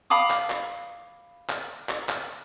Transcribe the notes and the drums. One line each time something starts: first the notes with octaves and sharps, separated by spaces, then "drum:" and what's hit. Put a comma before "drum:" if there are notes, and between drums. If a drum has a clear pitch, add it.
F5 B5 D6 D#6
drum: clap
drum: clap
drum: clap
drum: clap
drum: clap